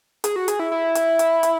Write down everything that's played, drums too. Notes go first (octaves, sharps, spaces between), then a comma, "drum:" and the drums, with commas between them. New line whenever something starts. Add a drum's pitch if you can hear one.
G#4, drum: hi-hat
F#4
G#4, drum: hi-hat
E4
E4
drum: hi-hat
drum: hi-hat
drum: hi-hat